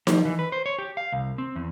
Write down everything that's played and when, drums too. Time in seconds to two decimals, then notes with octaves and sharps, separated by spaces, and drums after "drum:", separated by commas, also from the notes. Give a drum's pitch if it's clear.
0.07 F3, drum: snare D#4
0.25 E3
0.39 B4
0.52 C5
0.66 C#5
0.79 G4
0.97 F5
1.12 C2
1.38 C4
1.56 E2